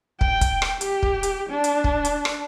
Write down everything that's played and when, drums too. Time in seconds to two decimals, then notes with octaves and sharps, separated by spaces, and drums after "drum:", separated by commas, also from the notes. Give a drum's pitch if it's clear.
0.21 G5, drum: kick
0.41 drum: kick, hi-hat
0.62 drum: rim click
0.81 G4, drum: hi-hat
1.03 drum: kick
1.23 drum: hi-hat
1.50 D4
1.64 drum: hi-hat
1.84 drum: kick
2.05 drum: hi-hat
2.25 drum: rim click